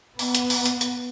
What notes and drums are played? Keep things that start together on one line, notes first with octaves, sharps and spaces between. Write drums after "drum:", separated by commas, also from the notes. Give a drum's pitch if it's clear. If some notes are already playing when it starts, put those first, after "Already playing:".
B3, drum: open hi-hat
drum: hi-hat
drum: open hi-hat
drum: hi-hat
drum: hi-hat